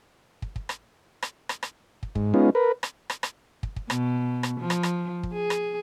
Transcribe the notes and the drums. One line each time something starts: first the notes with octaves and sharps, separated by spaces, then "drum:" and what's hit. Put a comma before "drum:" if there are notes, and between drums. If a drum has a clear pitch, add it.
drum: kick
drum: kick
drum: rim click
drum: rim click
drum: rim click
drum: rim click
drum: kick
G#2, drum: kick
G#3 B3 C#4 D#4 F4
A#4 B4
drum: rim click
drum: rim click
drum: rim click
drum: kick
drum: kick
B2, drum: rim click
drum: rim click
F3
drum: rim click
drum: rim click
drum: kick
G#4
drum: rim click